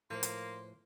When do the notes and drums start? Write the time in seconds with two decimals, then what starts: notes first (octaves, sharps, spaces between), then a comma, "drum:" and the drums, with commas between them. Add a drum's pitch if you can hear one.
0.10 A2 F3 A#3 B4 C5 C6
0.23 drum: hi-hat